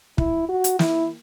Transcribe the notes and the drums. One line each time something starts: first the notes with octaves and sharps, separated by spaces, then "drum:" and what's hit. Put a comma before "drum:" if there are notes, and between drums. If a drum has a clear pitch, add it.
E4, drum: kick
F#4
drum: hi-hat
E4, drum: snare